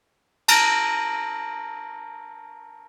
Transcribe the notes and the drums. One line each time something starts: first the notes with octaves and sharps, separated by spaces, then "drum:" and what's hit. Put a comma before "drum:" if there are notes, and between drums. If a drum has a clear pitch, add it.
A5 A#5 F6 A#6 D7 F#7, drum: cymbal